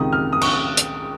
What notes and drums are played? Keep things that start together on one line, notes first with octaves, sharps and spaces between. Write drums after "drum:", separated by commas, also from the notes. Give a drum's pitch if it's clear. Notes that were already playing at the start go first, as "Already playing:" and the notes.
Already playing: C#2 C3 D#3 D#6
F6
D#6
C#6, drum: cymbal
drum: hi-hat